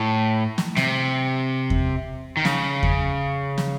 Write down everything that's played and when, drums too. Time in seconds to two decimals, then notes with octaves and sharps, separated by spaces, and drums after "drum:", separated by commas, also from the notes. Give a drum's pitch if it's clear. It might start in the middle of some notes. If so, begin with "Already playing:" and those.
Already playing: A2
0.58 drum: snare
0.77 C3, drum: snare
1.70 drum: kick E2
2.37 D#3
2.45 C#3, drum: snare
2.83 drum: kick E2
3.58 drum: snare